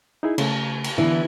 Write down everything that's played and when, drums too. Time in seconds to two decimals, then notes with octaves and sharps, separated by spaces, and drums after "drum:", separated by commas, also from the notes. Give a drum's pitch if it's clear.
0.23 D#4 E4 G#4
0.38 C#3 A3, drum: cymbal
0.84 drum: cymbal
0.98 D3 E3 B3